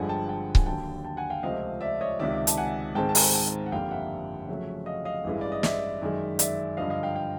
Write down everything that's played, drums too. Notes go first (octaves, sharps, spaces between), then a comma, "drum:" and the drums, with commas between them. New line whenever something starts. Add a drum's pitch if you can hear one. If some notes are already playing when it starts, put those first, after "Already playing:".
Already playing: G1 G2 D3 F3 G#3 F#5 G#5
G5 A5
G5 A5
G#5, drum: kick C#1
D#2 D3 F#3 G5 A5
G5 A5
F#5 G#5
F5 G5
C#2 C3 F3 A3 C4 D#5 F5
D5 E5
C#5 D#5
C#2 C3 D#3 D5 E5
A5, drum: hi-hat
F#5 G#5
G#2 D#3 G#3 C4 G5 A5
A5
G#5 A#5, drum: open hi-hat
G5 A5
F#5
G1 F2 D3 G3 A#3 F5 G5
E5 F#5
F2 C#3 F#3 A3 C#4
D#5 F5
D#5 F5
A1 G2 E3 G#3
D5
D#5
D5 E5, drum: snare
F#2 D#3 G#3
D5 E5, drum: hi-hat
G2 D3 F3 D#5 F5
D#5 F5
F5 G5
F5 G5